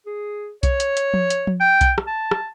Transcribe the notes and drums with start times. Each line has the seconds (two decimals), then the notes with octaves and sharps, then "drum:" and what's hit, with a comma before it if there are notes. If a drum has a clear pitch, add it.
0.06 G#4
0.63 C#5, drum: kick B1, hi-hat
0.80 drum: hi-hat
0.97 drum: hi-hat
1.14 drum: tom F3
1.30 drum: hi-hat
1.47 drum: tom F3
1.60 G5
1.81 drum: kick B1, hi-hat
1.98 drum: rim click
2.07 A5
2.31 drum: rim click